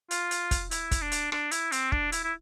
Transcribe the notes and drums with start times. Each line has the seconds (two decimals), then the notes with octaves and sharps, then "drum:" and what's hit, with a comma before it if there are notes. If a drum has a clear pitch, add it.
0.11 F4, drum: hi-hat
0.31 drum: hi-hat
0.51 drum: kick, hi-hat
0.71 E4, drum: hi-hat
0.91 drum: kick, hi-hat
1.02 D4
1.12 drum: hi-hat
1.32 D4, drum: rim click
1.51 E4, drum: hi-hat
1.72 C4, drum: hi-hat
1.92 D4, drum: kick
2.12 E4, drum: hi-hat
2.24 E4